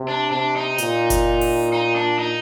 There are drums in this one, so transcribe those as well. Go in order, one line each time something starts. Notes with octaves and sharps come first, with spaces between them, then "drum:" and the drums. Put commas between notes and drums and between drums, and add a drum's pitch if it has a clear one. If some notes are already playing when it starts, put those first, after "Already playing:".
Already playing: C3
D4
C3 D4
D#4
A#2, drum: hi-hat
drum: kick F#1, hi-hat
drum: open hi-hat
D#4
D4
D#4